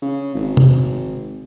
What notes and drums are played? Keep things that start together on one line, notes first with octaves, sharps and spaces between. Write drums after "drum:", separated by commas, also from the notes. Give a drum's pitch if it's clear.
C#3
G#1
drum: tom C3